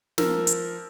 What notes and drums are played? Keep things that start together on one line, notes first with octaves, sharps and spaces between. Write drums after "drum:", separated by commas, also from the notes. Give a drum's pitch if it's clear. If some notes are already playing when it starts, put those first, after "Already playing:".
F3 A#4 E6, drum: snare
drum: hi-hat